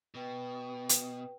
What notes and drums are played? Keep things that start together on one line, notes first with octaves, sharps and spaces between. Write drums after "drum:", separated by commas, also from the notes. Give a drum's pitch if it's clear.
B2 B4 G5
drum: hi-hat